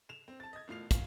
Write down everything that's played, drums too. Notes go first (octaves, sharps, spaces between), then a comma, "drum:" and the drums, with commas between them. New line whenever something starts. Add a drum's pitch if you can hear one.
E7 F7
C4
A5 A6
D#5 G#6
E1 A2 F4 C7 F7
F5, drum: kick, hi-hat